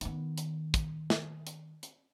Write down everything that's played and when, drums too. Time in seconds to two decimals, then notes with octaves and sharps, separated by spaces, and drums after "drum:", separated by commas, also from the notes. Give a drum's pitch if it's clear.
0.01 D#3 B3, drum: hi-hat
0.38 drum: hi-hat
0.74 drum: kick, hi-hat
1.10 drum: snare
1.47 drum: hi-hat
1.83 drum: hi-hat